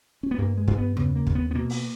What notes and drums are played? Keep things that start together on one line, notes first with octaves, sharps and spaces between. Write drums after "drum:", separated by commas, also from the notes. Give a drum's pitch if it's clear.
C#4
B3
G2 A#3
G#3
G2, drum: kick
B3
C#3 B3, drum: tom E2
A#3
D#2, drum: kick
B3
B3
B2 A#3
drum: open hi-hat